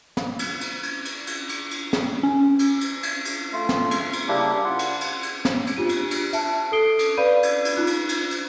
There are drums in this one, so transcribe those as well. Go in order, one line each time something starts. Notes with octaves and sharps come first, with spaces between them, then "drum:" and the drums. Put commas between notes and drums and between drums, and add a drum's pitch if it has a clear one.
drum: snare
drum: cymbal
drum: cymbal
drum: cymbal
drum: cymbal
drum: cymbal
drum: cymbal
drum: cymbal
drum: snare
C#4
drum: cymbal
drum: cymbal
drum: cymbal
drum: cymbal
A3 F4
drum: snare
drum: cymbal
drum: cymbal
C#3 G3 A#3 D4 E4 G4
F4 F#5
drum: cymbal
drum: cymbal
drum: cymbal
drum: snare
drum: cymbal
D4 F4 G4 D#7
drum: cymbal
drum: cymbal
E5 A5, drum: cymbal
A4 D#6 C7 D7 G7
drum: cymbal
B4 D5 F5 B5 G6 D#7
drum: cymbal
drum: cymbal
D#4 F4 F#6
drum: cymbal
drum: cymbal
drum: cymbal